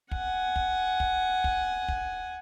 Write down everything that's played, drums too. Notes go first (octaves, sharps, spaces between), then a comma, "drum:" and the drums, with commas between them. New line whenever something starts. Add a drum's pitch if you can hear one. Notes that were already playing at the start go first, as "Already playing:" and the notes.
F#5 G#5, drum: kick
drum: kick
drum: kick
drum: kick
drum: kick